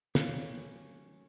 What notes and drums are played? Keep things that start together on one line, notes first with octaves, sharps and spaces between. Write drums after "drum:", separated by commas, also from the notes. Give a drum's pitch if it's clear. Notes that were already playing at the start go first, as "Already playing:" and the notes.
D#3 F#3 A3 C#4 G4 F5, drum: snare